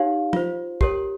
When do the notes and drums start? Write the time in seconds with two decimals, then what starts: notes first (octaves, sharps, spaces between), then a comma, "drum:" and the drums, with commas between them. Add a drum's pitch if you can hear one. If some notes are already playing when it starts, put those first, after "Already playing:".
Already playing: D#4 G4 C#5 F5
0.33 F4 C5, drum: tom
0.81 G4 A#4 C#5, drum: kick